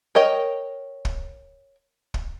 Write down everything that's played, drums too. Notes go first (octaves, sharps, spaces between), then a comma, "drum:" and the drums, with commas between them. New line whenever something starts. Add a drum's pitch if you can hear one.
A#4 C#5 D#5 G5
drum: kick
drum: kick